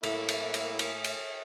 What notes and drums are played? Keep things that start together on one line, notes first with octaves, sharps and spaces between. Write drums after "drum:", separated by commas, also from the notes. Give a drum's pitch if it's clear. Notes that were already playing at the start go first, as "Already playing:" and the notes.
A2 A#3 E4, drum: cymbal
drum: cymbal
drum: cymbal
drum: cymbal
drum: cymbal